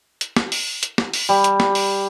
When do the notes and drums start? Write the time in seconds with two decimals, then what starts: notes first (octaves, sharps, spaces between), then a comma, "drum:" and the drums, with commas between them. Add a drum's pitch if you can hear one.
0.21 drum: hi-hat
0.36 drum: snare
0.52 drum: open hi-hat
0.83 drum: hi-hat
0.98 drum: snare
1.14 drum: open hi-hat
1.29 G3
1.44 drum: hi-hat
1.60 drum: snare
1.75 drum: open hi-hat